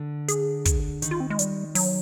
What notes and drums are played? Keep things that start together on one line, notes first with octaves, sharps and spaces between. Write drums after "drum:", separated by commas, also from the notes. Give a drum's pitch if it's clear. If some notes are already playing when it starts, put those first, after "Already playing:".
Already playing: D3
G#4, drum: hi-hat
drum: kick, hi-hat
D#3, drum: hi-hat
F4
C4
G#3
G3, drum: hi-hat
F#3, drum: open hi-hat